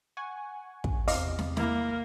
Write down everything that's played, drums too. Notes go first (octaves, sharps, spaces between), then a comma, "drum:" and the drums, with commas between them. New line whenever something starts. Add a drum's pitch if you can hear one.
F#5 G#5 C#6
drum: kick
E2 C3 D#5 F5 D6, drum: open hi-hat
drum: snare
A#3 E4, drum: snare